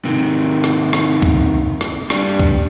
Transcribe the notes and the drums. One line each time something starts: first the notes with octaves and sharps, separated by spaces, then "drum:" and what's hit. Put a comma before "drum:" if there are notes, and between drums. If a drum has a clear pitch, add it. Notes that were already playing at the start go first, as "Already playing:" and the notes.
C3 D#3
drum: rim click
drum: rim click
drum: kick
drum: rim click
G3 D4, drum: rim click
drum: kick